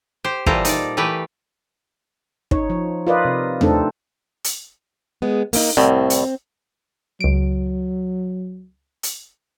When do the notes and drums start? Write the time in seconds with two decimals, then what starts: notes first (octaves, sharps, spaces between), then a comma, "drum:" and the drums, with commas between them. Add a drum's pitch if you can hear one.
0.24 G4 C5
0.46 A#2 E3 G3 A4 C5 A#5, drum: kick
0.65 D#4 D5, drum: hi-hat
0.97 E3 A3 G4 B4
2.51 D#4 C#5, drum: kick
2.70 F3
3.07 F4 A#4 B4 D5 D#5 F5
3.25 C3
3.61 A3 C4 D4 D#4 A4, drum: tom D#2
4.44 drum: hi-hat
5.22 G#3 B3
5.53 A#3 B3 D#4, drum: open hi-hat
5.77 C2 A2 C4
6.10 drum: hi-hat
7.21 C#2 F#3 D7
9.03 drum: hi-hat